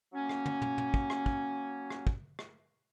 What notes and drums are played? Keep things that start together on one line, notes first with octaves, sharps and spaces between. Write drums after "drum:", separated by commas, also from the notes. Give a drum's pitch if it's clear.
F#3 A#3 C#4
drum: rim click
drum: tom
drum: tom
drum: tom
drum: kick
drum: rim click
drum: kick
drum: rim click
drum: kick
drum: rim click